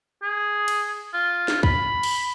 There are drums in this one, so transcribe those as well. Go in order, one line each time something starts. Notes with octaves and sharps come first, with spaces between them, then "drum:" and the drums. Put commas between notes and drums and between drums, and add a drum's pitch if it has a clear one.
G#4
drum: cymbal
F4
drum: snare
B5, drum: kick
drum: cymbal